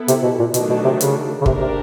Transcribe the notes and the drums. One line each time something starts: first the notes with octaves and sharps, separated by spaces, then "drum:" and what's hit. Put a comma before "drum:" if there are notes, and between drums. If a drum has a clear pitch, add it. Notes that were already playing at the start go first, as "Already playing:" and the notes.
Already playing: B3 E4 A4
C3, drum: hi-hat
B2
A#2
B2 D#3 F#3 A3 D4 F#4, drum: hi-hat
B2
C3
C#3, drum: hi-hat
C#3
C3 A#3 D4 G4 A#4, drum: kick
C3